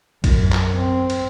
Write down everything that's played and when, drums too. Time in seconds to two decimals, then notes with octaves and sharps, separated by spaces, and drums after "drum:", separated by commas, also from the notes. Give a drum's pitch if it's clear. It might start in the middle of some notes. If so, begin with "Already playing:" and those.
0.24 F#2, drum: kick A#1, cymbal
0.52 drum: clap
0.75 C4
1.10 drum: cymbal